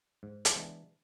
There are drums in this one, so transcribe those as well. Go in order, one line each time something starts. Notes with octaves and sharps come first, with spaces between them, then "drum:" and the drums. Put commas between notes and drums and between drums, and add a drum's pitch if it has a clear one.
G#2
drum: hi-hat
E3 G#3 B3 D4